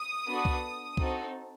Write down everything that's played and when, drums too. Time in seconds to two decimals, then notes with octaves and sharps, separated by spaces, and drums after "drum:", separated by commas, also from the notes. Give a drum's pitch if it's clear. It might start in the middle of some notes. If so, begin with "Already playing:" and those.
Already playing: D#6
0.27 B3 D4 F#4 A4
0.45 drum: kick C2
0.97 C4 D#4 F#4 A4, drum: kick C2